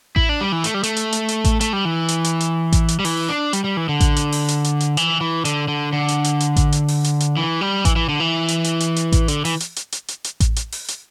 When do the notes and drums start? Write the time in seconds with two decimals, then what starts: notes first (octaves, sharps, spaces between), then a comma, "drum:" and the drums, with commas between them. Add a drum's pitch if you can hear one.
0.16 E4, drum: kick A1
0.29 D4
0.41 G3
0.52 E3
0.64 A3, drum: hi-hat
0.74 G3
0.83 A3, drum: hi-hat
0.96 drum: hi-hat
1.12 drum: hi-hat
1.28 drum: hi-hat
1.44 drum: kick A1, hi-hat
1.61 A3, drum: hi-hat
1.73 G3
1.85 E3
2.08 drum: hi-hat
2.24 drum: hi-hat
2.40 drum: hi-hat
2.72 drum: kick A1, hi-hat
2.88 drum: hi-hat
2.99 G3
3.05 E3, drum: open hi-hat
3.28 D4
3.53 G3, drum: hi-hat
3.64 G3
3.77 E3
3.89 D3
4.00 drum: kick A1, hi-hat
4.16 drum: hi-hat
4.32 drum: open hi-hat
4.48 drum: hi-hat
4.64 drum: hi-hat
4.80 drum: hi-hat
4.97 E3, drum: hi-hat
5.21 E3
5.45 D3, drum: hi-hat
5.68 D3
5.93 D3
6.08 drum: hi-hat
6.24 drum: hi-hat
6.40 drum: hi-hat
6.56 drum: kick A1, hi-hat
6.72 drum: hi-hat
6.88 drum: open hi-hat
7.04 drum: hi-hat
7.20 drum: hi-hat
7.37 E3
7.61 G3
7.85 E3, drum: kick A1, hi-hat
7.96 E3
8.09 D3
8.20 E3
8.48 drum: hi-hat
8.64 drum: hi-hat
8.80 drum: hi-hat
8.96 drum: hi-hat
9.12 drum: kick A1, hi-hat
9.28 D3, drum: hi-hat
9.45 E3, drum: open hi-hat
9.60 drum: hi-hat
9.76 drum: hi-hat
9.92 drum: hi-hat
10.08 drum: hi-hat
10.24 drum: hi-hat
10.40 drum: kick A1, hi-hat
10.56 drum: hi-hat
10.72 drum: open hi-hat
10.88 drum: hi-hat